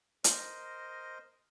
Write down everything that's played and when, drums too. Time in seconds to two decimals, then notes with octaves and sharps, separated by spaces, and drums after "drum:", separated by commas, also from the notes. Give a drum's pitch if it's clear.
0.24 A#4 C5 D#5, drum: hi-hat